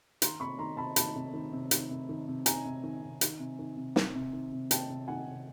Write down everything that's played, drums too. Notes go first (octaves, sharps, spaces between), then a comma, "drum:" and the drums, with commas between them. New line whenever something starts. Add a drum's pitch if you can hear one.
D#3 A#5 C6, drum: hi-hat
C3 B5 C#6
D#3 A#5 C6
C3 A5 B5
D#3 A5 B5, drum: hi-hat
C3
D#3
C3
D#3, drum: hi-hat
C3
D#3
C3
D#3 G#5 A#5, drum: hi-hat
C3
D#3
C3
D#3, drum: hi-hat
C3
D#3
C3
D#3, drum: snare
C3
D#3
C3
D#3 G5 A5, drum: hi-hat
C3
D#3 F#5 G#5
C3